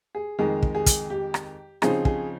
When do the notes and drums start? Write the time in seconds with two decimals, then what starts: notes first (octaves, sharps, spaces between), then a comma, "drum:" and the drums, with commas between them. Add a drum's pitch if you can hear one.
0.15 G#4
0.39 F2 D#3 G#3 G#4
0.63 drum: kick
0.75 G#4
0.86 drum: kick, hi-hat
1.10 G4
1.34 drum: rim click
1.82 C#3 F3 C4 D#4 G#4, drum: rim click
2.05 G#4, drum: kick